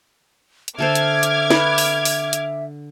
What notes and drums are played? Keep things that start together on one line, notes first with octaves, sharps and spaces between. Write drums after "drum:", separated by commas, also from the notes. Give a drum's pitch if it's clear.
drum: hi-hat
D3 A4 C5 E5 D6 F6 G#6
drum: hi-hat
drum: hi-hat
B4, drum: snare
drum: open hi-hat
drum: open hi-hat
drum: hi-hat